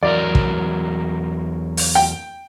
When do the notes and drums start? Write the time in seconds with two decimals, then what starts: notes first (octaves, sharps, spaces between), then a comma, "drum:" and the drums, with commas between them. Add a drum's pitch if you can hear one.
0.03 E2 F#3 A#4 D5
0.35 drum: kick
1.77 drum: open hi-hat
1.95 G5